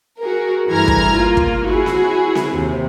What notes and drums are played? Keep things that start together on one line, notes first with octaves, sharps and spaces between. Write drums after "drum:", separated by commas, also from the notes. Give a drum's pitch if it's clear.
F#4 G#4 A#4
G2 E3 A3 A#5 F6 G#6
drum: kick
A#3 F4
drum: kick
E4 F#4 G#4
drum: snare C4
drum: snare C4
D#2 C3